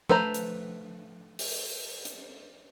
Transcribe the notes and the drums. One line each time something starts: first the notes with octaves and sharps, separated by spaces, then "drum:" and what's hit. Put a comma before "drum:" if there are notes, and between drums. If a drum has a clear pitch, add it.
A3 B4 C5 A#5, drum: tom F3
drum: hi-hat
drum: open hi-hat
drum: hi-hat